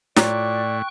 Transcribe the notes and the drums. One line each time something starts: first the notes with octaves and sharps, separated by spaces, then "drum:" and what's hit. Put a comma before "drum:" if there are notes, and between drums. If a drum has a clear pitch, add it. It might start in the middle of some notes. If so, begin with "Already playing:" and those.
A2 F4 C#5 D5 G5 A#5 C#6 F#6, drum: snare